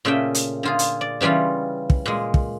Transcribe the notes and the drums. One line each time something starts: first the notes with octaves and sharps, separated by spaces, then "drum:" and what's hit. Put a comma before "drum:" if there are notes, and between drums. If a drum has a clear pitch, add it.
A#2 C#3 A3 E5 G5
drum: hi-hat
D3 F4 G#4
drum: hi-hat
D5
C#3 E3 G3 C#4 F4
drum: kick
A#2 G#3
drum: kick